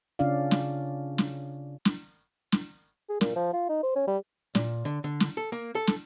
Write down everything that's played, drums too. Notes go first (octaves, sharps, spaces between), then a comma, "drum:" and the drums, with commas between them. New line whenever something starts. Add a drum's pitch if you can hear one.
C#3 C#4 D4 F4 D5 F5
drum: snare
drum: snare
drum: snare
drum: snare
G#4
A#2, drum: snare
F3
F4
D#4
C5
C#4
G3
A#2, drum: snare
D3
D3
drum: snare
A4
A#3
A4
drum: snare